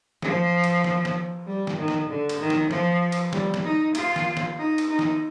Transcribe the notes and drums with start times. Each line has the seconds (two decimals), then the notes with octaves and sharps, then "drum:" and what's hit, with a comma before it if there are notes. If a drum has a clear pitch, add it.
0.22 F3, drum: snare
0.64 drum: cymbal
0.84 drum: snare
1.05 drum: snare
1.46 G3
1.67 drum: snare
1.78 D#3
1.88 drum: snare
2.09 D3
2.29 drum: cymbal
2.40 D#3
2.50 drum: snare
2.71 F3, drum: snare
3.12 drum: cymbal
3.33 G3, drum: snare
3.54 drum: snare
3.64 D#4
3.95 F4, drum: cymbal
4.16 drum: snare
4.37 drum: snare
4.58 D#4
4.78 drum: cymbal
4.89 D#4
4.99 drum: snare